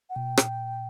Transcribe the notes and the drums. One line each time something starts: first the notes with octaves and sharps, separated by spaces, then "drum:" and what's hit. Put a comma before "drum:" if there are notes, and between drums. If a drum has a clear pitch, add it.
F#5
B2 G5
A#2, drum: rim click